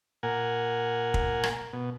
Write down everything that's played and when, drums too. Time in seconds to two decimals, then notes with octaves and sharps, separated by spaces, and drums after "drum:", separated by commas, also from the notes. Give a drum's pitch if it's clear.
0.23 A#2 A#4 F#5 G#5
1.14 drum: kick
1.43 drum: rim click
1.73 B2